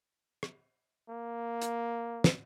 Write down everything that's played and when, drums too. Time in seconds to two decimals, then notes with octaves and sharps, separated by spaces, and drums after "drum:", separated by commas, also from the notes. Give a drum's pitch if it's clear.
0.43 drum: rim click
1.10 A#3
1.62 drum: hi-hat
2.24 drum: snare